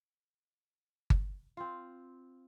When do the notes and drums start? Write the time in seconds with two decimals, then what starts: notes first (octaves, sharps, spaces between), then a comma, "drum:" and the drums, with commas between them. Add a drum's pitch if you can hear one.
1.10 drum: kick G1
1.57 C4 F4